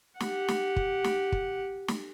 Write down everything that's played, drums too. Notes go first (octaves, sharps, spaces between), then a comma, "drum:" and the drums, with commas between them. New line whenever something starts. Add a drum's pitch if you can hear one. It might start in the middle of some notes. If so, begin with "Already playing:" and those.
G4 F#5, drum: snare
drum: snare
drum: kick
drum: snare
drum: kick
drum: snare